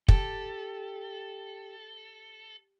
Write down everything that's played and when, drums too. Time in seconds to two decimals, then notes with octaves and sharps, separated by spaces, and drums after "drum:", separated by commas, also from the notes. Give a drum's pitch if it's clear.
0.08 G4 A4, drum: kick